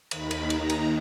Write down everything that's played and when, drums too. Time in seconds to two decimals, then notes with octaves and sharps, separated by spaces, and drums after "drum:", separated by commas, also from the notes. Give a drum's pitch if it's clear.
0.11 D#2 D#3 B5, drum: cymbal
0.31 drum: cymbal
0.50 A#5, drum: cymbal
0.70 drum: cymbal